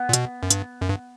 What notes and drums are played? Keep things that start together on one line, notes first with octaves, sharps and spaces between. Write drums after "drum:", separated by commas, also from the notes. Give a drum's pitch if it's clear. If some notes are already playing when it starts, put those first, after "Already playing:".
Already playing: B3
A#2
B2, drum: hi-hat
F#2
G2, drum: hi-hat
F#2
G2